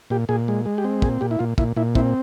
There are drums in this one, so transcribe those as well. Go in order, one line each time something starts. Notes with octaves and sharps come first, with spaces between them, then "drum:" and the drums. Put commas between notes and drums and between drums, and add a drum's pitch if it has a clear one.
A#2 G4
A#2 G#4
G#3
G#3
G4
C4
A#2 G#4, drum: kick
A#2 G4
E4
A#2 F4
A#2 E4, drum: kick
A#2 E4
C4 E4, drum: kick